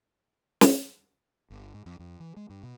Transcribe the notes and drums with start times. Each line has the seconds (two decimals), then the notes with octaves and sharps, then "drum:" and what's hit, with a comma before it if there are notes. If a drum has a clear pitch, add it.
0.61 drum: snare
1.50 G1
1.74 G#2
1.86 F2
1.99 F2
2.20 E3
2.37 G#3
2.50 G2
2.63 B2